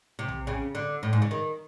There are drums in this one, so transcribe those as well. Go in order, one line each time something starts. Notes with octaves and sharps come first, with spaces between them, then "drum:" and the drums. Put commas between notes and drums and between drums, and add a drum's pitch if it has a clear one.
C3
drum: tom A#1
C#3
D3
A2
G#2
C#3
D#3